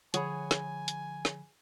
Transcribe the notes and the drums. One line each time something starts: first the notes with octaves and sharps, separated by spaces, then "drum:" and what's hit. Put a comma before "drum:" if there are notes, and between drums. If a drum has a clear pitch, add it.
D3 F3 G#4 C#5 F#5 G#5 B5, drum: hi-hat
drum: snare
drum: hi-hat
drum: snare